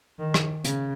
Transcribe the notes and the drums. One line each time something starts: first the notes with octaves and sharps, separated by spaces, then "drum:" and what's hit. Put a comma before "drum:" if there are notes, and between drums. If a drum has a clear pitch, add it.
D#3
drum: rim click
C#3, drum: hi-hat